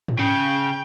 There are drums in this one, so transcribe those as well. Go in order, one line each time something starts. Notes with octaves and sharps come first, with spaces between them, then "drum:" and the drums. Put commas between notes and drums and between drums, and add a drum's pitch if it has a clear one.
drum: tom G#2
C#3 G5